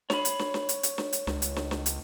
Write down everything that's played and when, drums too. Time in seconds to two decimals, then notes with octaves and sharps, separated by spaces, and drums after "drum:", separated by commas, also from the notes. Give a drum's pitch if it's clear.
0.10 C#5 B5, drum: snare
0.25 drum: hi-hat
0.39 drum: snare
0.54 drum: snare
0.69 drum: hi-hat
0.83 drum: hi-hat
0.98 drum: snare
1.13 drum: hi-hat
1.27 C#2, drum: snare
1.42 drum: hi-hat
1.56 drum: snare
1.71 drum: snare
1.86 drum: hi-hat